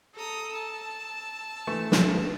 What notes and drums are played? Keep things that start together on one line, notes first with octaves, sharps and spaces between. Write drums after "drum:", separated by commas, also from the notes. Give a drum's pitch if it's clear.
A4 A#5 D#6
A5 E6
E3 A3 C#6
drum: snare